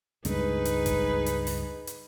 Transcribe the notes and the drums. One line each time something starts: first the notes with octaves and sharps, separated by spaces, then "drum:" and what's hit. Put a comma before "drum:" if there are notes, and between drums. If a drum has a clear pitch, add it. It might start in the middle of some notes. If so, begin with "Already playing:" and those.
C#2 G2 G#3 D#4 G#4 B4, drum: hi-hat
drum: hi-hat
drum: kick G1, hi-hat
drum: hi-hat
drum: open hi-hat
drum: hi-hat